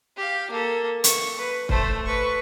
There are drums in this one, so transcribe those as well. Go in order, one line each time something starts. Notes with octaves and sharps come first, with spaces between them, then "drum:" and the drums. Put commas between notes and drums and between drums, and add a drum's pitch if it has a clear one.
G4 F5
A#3 A4
C#6, drum: hi-hat
B4
A3 C5, drum: kick
B4 C#6